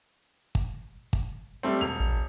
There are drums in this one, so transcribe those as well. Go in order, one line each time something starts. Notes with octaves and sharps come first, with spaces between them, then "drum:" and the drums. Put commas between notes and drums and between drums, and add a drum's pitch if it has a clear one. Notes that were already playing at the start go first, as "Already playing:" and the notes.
drum: kick
drum: kick
G3 A3 C4
E1 F7
A#1